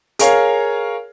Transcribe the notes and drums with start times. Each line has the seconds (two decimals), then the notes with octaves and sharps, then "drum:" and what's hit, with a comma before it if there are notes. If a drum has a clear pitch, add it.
0.19 G#4 A#4 C#5 F5, drum: hi-hat